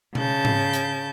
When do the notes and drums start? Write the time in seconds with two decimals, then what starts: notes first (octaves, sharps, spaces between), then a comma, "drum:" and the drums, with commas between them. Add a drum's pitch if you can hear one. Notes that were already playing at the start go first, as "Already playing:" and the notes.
0.15 C#3 A5 G6, drum: tom B2
0.45 drum: tom G#2
0.73 drum: hi-hat